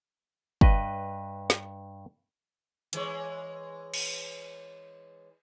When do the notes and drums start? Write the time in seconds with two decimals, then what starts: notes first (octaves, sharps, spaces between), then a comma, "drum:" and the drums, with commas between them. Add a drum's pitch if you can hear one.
0.61 G2 B4 D#5, drum: kick
1.50 drum: snare
2.93 E3 G#3 C#5, drum: hi-hat
3.94 drum: cymbal